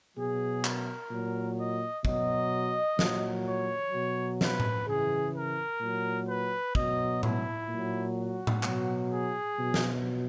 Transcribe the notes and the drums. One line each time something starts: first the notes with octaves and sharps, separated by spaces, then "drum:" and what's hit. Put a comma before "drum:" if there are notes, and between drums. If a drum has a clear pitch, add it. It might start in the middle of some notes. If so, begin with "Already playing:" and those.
B2 F#3 G#4
A#4, drum: clap
A#2 F#3
D#5
B2 F#3 D#5, drum: kick
A#2 F#3, drum: snare
C#5
B2 F#3
B4, drum: snare
drum: tom A2
C#3 E3 G#4
A#4
A#2 F#3
B4
B2 F#3 D#5, drum: kick
E4, drum: tom A2
A#2 F#3
F#4
drum: tom A2
B2 F#3, drum: clap
G#4
B2 F#3
drum: snare